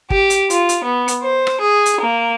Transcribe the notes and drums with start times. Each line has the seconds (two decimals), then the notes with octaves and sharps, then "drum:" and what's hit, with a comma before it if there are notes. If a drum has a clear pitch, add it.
0.10 G4, drum: kick
0.30 drum: hi-hat
0.50 F4, drum: hi-hat
0.69 drum: hi-hat
0.84 B3
1.08 drum: hi-hat
1.23 C5
1.47 drum: rim click
1.60 G#4
1.86 drum: hi-hat
2.01 A#3